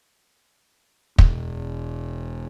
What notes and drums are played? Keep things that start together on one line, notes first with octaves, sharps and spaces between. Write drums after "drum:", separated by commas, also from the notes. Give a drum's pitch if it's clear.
E1, drum: kick